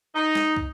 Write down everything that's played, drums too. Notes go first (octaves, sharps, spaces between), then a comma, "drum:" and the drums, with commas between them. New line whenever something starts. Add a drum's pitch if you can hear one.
D#4
drum: snare
drum: kick